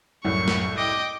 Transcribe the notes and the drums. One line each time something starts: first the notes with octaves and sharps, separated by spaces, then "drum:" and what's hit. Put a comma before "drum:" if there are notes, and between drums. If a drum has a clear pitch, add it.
C2 F#2 A2 C#6
drum: snare
D#5 G5 D6